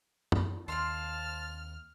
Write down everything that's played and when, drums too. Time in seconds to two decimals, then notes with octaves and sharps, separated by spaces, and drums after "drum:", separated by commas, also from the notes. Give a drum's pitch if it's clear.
0.32 drum: tom
0.68 D#2 C4 F5 A5 C6 F6